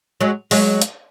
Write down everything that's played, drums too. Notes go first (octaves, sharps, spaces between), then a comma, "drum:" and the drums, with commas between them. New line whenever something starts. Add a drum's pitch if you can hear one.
F#3 G#3
F#3 G#3, drum: open hi-hat
drum: hi-hat